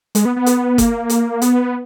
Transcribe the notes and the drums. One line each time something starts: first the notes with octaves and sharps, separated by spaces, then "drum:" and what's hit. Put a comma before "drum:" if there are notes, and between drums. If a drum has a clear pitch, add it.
G#3, drum: hi-hat
B3
B3
drum: hi-hat
A#3, drum: kick F#1, hi-hat
drum: hi-hat
B3, drum: hi-hat